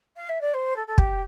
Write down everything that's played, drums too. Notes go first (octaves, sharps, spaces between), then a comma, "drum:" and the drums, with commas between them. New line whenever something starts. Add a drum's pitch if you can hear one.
F5
E5
D5
C5
A4
A4
G4, drum: kick